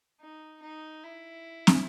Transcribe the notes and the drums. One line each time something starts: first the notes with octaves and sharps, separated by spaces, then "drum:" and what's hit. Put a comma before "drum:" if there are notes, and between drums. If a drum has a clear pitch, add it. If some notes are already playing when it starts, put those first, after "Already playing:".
D#4
D#4
E4
drum: snare